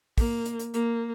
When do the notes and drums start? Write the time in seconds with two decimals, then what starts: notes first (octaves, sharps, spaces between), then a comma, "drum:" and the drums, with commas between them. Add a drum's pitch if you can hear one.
0.18 A#3, drum: kick, open hi-hat
0.45 drum: hi-hat
0.59 drum: hi-hat
0.74 A#3, drum: hi-hat